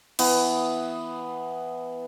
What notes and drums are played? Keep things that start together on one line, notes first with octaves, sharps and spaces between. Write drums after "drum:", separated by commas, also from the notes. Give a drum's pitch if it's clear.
E3 B3, drum: cymbal